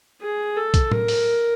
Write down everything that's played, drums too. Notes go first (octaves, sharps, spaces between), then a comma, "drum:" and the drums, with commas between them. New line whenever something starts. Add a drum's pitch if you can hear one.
G#4
A4
drum: kick, hi-hat
A#4, drum: tom A2
drum: open hi-hat